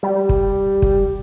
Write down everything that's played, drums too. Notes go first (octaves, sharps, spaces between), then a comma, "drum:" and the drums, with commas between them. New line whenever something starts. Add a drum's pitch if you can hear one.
G3
drum: kick
drum: kick